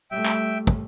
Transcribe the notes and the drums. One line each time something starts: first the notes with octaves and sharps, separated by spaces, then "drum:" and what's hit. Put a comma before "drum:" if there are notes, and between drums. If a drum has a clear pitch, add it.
G3 A3 E5 G5
drum: clap
drum: kick